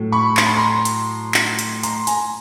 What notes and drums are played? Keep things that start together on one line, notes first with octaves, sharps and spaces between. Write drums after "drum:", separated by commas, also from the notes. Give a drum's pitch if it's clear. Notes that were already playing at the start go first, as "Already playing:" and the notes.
Already playing: A2 F#3 A3
B5 C#6
C6, drum: clap
B5
A#5 C6
drum: hi-hat
drum: clap
drum: hi-hat
A#5 C6, drum: hi-hat
G#5 A#5, drum: hi-hat